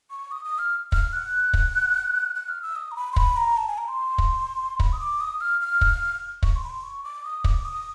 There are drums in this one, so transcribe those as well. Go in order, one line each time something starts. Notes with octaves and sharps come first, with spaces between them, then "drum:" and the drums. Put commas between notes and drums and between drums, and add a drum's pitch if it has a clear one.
C#6
D#6
D#6
F6
F6, drum: kick
F#6
drum: kick
F#6
F6
E6
D#6
A#5
B5
C6
B5, drum: kick
A#5
A5
G#5
A#5
C6
drum: kick
B5, drum: kick
D#6
D6
D#6
F6
F6
drum: kick
C#6, drum: kick
C6
B5
C6
C#6
D6
D#6
D6, drum: kick
D#6